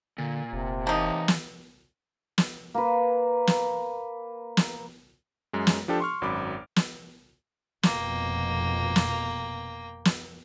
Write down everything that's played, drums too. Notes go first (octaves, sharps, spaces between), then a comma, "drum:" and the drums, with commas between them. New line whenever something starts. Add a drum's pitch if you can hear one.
A#2 D3
F1 C3
E3 A#3 D#4 A5
drum: snare
drum: snare
A#3 B4
drum: snare
drum: snare
F#2 G#3
drum: snare
F3 D4 G4 A4
C6 C#6 F6
G#1 F#2 B5 D6
drum: snare
F1 F2 B2 A#3 G5, drum: snare
drum: snare
drum: snare